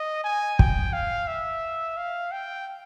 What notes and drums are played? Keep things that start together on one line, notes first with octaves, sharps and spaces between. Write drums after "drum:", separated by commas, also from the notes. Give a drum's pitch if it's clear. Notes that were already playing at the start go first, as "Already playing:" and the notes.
Already playing: D#5
G#5
G5, drum: kick
F5
E5
F5
G5